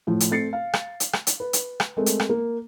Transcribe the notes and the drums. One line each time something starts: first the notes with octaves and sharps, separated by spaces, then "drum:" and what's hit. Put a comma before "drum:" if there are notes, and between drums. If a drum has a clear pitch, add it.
A2 F3 E4
drum: hi-hat
A3 C4 A6 C7 C#7
F5
drum: rim click
drum: hi-hat
drum: rim click
drum: hi-hat
B4
drum: hi-hat
drum: rim click
G#3 A3 C4 A#4
drum: hi-hat
drum: rim click
A#3